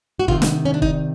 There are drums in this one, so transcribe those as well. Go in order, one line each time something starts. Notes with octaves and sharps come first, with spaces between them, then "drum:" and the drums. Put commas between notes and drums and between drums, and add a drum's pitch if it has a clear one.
F#4
C3 D#3 F4, drum: kick
drum: snare
C#4
D4
D#4, drum: kick